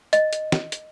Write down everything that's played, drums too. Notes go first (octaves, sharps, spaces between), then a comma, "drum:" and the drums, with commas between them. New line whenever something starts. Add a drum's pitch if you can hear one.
D#5, drum: hi-hat
drum: hi-hat
drum: snare
drum: hi-hat